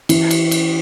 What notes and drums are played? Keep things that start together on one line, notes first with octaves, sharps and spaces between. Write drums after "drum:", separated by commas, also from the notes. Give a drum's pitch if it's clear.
E3, drum: cymbal
drum: cymbal
drum: cymbal